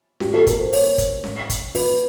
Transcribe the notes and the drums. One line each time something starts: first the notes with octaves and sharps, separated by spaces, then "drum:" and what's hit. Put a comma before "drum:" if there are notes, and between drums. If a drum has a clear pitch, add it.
G4, drum: snare C#4
A4
A#4, drum: kick, hi-hat
C5
C#5, drum: open hi-hat
drum: kick, hi-hat
drum: snare C#4
drum: kick, hi-hat
B4, drum: open hi-hat